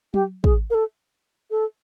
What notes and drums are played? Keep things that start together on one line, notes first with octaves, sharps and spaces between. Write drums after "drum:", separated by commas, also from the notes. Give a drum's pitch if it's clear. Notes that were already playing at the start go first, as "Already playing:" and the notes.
G4, drum: tom F#3
G#4, drum: kick
A#4
A4
A4